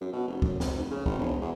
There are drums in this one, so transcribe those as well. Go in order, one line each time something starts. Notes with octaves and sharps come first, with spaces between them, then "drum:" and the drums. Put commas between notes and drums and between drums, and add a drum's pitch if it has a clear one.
F#2
B2
F1
F#2, drum: kick C#2
G#1, drum: snare
F1
C#3
G#1, drum: kick C#2
E1
E2